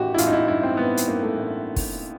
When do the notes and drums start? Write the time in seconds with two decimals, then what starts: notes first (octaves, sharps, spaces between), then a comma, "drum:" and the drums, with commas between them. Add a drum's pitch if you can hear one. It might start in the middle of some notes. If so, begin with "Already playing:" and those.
Already playing: A1 D#3 F#4 G4
0.14 E4
0.18 A1 F4, drum: hi-hat
0.27 D#4
0.33 E4
0.47 G2 E4
0.63 C4
0.77 A1 B3
0.97 drum: hi-hat
1.07 G2 A#3
1.23 A3
1.37 A1
1.76 drum: kick, open hi-hat